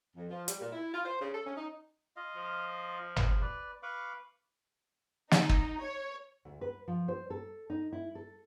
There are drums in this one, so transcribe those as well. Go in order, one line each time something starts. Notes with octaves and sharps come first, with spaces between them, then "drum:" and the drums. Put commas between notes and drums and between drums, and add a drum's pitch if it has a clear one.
F2
F3
G3, drum: hi-hat
A#2
E4
F4
C5
C#3
A4
C#4
D#4
F4 D#5 F5
F3
drum: tom
B4 D5
B4 F5 C#6 D6
D#4, drum: snare
drum: kick
C#5
D2
B4
F3
C5
A4
D#4
E4
A4